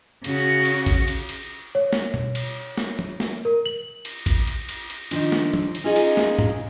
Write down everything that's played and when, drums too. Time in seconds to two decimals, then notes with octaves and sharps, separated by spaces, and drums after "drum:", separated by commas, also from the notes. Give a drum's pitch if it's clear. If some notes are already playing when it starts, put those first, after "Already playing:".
0.24 C#3 F#4, drum: cymbal
0.65 drum: cymbal
0.86 drum: kick A1, cymbal
1.08 drum: cymbal
1.29 drum: cymbal
1.75 C#5
1.93 drum: snare
2.14 drum: tom B2
2.35 drum: cymbal
2.78 drum: snare
2.99 drum: tom F3
3.20 drum: snare
3.45 A#4
3.66 F#7
4.05 drum: cymbal
4.26 drum: kick A1, cymbal
4.47 drum: cymbal
4.69 drum: cymbal
4.90 drum: cymbal
5.11 D#3 F3 D4, drum: cymbal
5.32 drum: snare
5.54 drum: tom F3
5.75 drum: cymbal
5.84 C#4 D#4 F4 G#4 D#5
5.96 drum: cymbal
6.17 drum: snare
6.38 drum: tom G#2